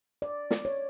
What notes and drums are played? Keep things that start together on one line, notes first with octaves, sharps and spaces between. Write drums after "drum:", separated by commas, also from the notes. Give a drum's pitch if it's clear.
D5
drum: snare
C#5